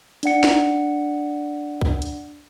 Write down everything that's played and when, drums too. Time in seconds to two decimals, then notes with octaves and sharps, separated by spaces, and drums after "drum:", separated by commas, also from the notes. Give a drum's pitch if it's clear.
0.23 D4 D5 F#5 C#7, drum: hi-hat
0.44 drum: snare
1.81 drum: kick
2.02 drum: hi-hat